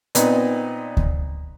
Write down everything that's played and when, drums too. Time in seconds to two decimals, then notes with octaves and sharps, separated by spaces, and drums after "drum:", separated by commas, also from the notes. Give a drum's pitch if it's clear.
0.15 A#2 B3 C4 D#4, drum: hi-hat
0.97 drum: kick D2